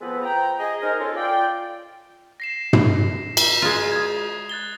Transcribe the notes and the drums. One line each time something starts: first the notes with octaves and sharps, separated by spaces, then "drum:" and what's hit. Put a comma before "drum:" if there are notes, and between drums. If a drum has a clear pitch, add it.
F3 G#3 B3 C4 A4 B4
F3 G5 A#5
G#4 D#5
D#4 A#4 C5 D#5
C#4 F4 A4
F4 D5 G5
A#6 C7 E7
drum: tom
drum: cymbal
G#3 F4
D#6 G#6
F#6 A6 G7